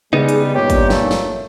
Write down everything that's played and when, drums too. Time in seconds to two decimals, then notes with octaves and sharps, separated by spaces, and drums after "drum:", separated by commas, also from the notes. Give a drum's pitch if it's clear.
0.13 C#3 G3 G#3 B3 D#4
0.29 drum: hi-hat
0.55 G2 A#2 G4 C#5
0.70 drum: kick G#1, hi-hat
0.90 A3, drum: snare
1.11 drum: snare